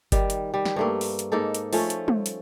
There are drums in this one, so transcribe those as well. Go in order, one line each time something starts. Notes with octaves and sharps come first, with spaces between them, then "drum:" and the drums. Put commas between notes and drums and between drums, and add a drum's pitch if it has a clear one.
D#3 G3, drum: kick G1, hi-hat
drum: hi-hat
G3
drum: snare
G2 A3 A#3
drum: open hi-hat
drum: hi-hat
G#2 A#3 D#4 A4
drum: hi-hat
F3 A3 C#4, drum: open hi-hat
drum: hi-hat
drum: tom
drum: hi-hat